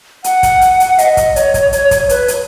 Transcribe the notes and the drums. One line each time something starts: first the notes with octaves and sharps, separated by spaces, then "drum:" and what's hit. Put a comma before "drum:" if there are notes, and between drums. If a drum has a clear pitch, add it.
F#5, drum: hi-hat
drum: kick, hi-hat
drum: hi-hat
drum: hi-hat
D#5, drum: hi-hat
drum: kick, hi-hat
C#5, drum: hi-hat
drum: kick, hi-hat
drum: hi-hat
drum: kick, hi-hat
B4, drum: hi-hat
drum: hi-hat